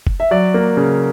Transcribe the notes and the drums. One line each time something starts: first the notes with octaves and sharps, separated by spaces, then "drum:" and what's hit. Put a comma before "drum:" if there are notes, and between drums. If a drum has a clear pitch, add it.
drum: kick F#1
E5
F#3 D5
A#3
C#3